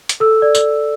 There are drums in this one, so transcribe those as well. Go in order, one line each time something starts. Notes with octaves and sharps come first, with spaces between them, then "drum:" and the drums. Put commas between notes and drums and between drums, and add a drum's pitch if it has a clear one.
drum: hi-hat
A4 E6
D5
drum: tambourine